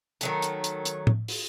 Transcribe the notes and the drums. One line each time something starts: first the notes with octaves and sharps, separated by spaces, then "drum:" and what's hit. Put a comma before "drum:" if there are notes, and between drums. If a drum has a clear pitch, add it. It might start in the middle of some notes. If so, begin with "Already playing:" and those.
D#3 F#3 A3, drum: hi-hat
drum: hi-hat
drum: hi-hat
drum: hi-hat
drum: tom A2
drum: open hi-hat